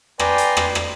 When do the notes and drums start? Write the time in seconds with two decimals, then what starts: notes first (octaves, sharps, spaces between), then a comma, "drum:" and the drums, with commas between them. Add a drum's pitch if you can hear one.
0.19 B4 D5 G5 G#5 A#5 C6, drum: rim click
0.38 drum: hi-hat
0.57 drum: rim click
0.75 drum: rim click